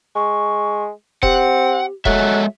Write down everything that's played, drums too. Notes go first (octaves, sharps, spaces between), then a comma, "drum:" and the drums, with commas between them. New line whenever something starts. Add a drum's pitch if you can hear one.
G#3 C#6
C4 G4 F#5, drum: kick E1
F#3 G#3 A4 E5 F#6, drum: kick E1